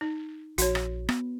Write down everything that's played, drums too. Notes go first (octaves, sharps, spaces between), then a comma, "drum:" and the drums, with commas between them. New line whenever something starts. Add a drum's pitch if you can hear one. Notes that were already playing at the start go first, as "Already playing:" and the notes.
D#4
A#1 F#4 C#5, drum: hi-hat
drum: rim click
B3, drum: rim click